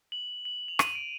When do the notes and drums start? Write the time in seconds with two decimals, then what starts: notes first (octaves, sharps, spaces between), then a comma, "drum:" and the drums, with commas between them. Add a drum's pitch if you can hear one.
0.12 F#7
0.45 F#7
0.68 F7
0.79 D#7, drum: rim click
0.95 D7